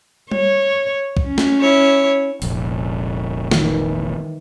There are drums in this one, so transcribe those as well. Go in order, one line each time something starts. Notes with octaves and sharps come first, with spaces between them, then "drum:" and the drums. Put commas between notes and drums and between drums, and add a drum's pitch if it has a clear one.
C#5, drum: tom G3
drum: kick
C#4
drum: snare
E4 C#5
F1 A#1, drum: open hi-hat
D#3 E3, drum: snare